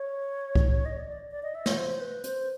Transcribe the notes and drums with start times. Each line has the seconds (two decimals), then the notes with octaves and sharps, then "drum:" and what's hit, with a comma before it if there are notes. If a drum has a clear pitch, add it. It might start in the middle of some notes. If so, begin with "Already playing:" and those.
Already playing: C#5
0.55 drum: kick C2
0.85 D#5
0.96 D5
1.08 D5
1.31 D5
1.43 D#5
1.55 E5
1.66 C#5, drum: snare
1.78 C5
2.01 B4
2.24 C5, drum: hi-hat